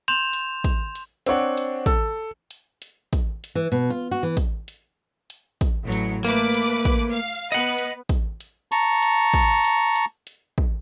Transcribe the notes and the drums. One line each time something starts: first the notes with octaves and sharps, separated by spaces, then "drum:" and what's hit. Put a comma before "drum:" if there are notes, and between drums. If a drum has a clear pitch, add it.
C6 G6 E7 F7
drum: hi-hat
drum: kick, hi-hat
drum: hi-hat
C4 D4 C#5 F#5, drum: hi-hat
drum: hi-hat
A4, drum: kick, hi-hat
drum: hi-hat
drum: hi-hat
drum: kick, hi-hat
drum: hi-hat
E3
B2
F4
F#4
E3
drum: kick, hi-hat
drum: hi-hat
drum: hi-hat
drum: kick, hi-hat
A1 A2 F#3
drum: hi-hat
A3 A#3 B4 D6, drum: hi-hat
drum: hi-hat
drum: kick, hi-hat
F5
B3 B4 D#5 F#5
drum: hi-hat
drum: kick, hi-hat
drum: hi-hat
A5 A#5 C#6, drum: hi-hat
drum: hi-hat
drum: kick, hi-hat
drum: hi-hat
drum: hi-hat
drum: hi-hat
drum: kick